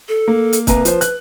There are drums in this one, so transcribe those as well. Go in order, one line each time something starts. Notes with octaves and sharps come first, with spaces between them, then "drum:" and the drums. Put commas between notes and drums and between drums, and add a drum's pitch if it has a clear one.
A4
A#3
drum: hi-hat
C2 A#3 B4 A#5, drum: kick, hi-hat
F3 C5, drum: hi-hat
F#6, drum: hi-hat